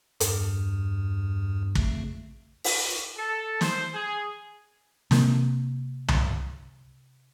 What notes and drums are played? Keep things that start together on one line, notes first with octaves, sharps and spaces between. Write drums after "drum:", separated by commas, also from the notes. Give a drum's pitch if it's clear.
E2 G2, drum: hi-hat
F2 C#3 A3, drum: kick
drum: open hi-hat
A4
C5, drum: snare
G#4
C3 A#3, drum: snare
drum: tom C2